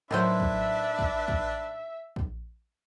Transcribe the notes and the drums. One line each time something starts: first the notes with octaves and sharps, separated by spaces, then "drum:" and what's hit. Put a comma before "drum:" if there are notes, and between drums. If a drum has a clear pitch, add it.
A2 D#3 F#3 D4 E4 B4 C5 E5
drum: kick A#1
drum: kick A#1
drum: kick A#1
drum: kick A#1